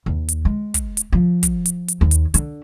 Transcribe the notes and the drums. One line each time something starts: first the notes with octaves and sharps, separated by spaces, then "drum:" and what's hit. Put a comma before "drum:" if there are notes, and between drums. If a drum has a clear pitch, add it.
D#2
drum: hi-hat
G#3
drum: kick, hi-hat
drum: hi-hat
F3
drum: kick, hi-hat
drum: hi-hat
drum: hi-hat
D#2
drum: hi-hat
D3, drum: hi-hat